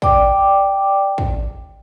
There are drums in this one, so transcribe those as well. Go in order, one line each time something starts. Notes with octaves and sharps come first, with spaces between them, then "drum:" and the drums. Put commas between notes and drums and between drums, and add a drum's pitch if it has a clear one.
D5 G5 D6, drum: kick
drum: kick